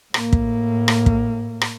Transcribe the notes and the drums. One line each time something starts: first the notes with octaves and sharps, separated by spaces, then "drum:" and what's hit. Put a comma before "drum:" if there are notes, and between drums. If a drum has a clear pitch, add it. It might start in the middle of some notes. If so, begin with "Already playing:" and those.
A2 A#3, drum: rim click
drum: kick
drum: rim click
drum: kick
drum: rim click